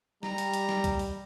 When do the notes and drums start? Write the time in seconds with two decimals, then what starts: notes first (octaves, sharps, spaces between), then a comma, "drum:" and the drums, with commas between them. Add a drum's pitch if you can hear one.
0.23 G3 A#5, drum: snare
0.38 drum: hi-hat
0.53 drum: hi-hat
0.69 drum: snare
0.84 drum: kick, hi-hat
0.99 drum: open hi-hat